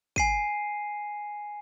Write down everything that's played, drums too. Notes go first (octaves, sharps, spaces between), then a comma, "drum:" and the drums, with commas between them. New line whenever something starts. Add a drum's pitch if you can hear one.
G#5 C7 D#7, drum: kick